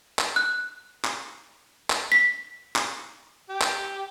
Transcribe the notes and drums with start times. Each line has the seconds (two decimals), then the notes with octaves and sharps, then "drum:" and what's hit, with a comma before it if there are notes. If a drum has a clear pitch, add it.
0.19 drum: clap
0.36 F#6
1.05 drum: clap
1.90 drum: clap
2.12 B6
2.76 drum: clap
3.49 G4
3.61 drum: clap